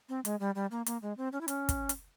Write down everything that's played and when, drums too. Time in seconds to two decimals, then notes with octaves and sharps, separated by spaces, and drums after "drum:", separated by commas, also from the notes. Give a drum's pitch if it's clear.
0.09 C4
0.25 G#3, drum: hi-hat
0.40 G3
0.55 G3
0.71 A#3
0.86 A#3, drum: hi-hat
1.02 G#3
1.17 C4
1.33 C#4
1.41 E4
1.48 C#4, drum: hi-hat
1.69 drum: kick, hi-hat
1.89 drum: hi-hat